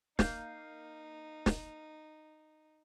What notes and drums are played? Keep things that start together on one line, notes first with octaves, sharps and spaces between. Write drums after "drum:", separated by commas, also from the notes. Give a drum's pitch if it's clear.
A#3 D#4 F5 G6, drum: snare
drum: snare